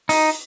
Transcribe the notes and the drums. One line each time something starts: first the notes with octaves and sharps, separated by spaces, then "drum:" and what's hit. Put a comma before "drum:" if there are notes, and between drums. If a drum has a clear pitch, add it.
D#4, drum: open hi-hat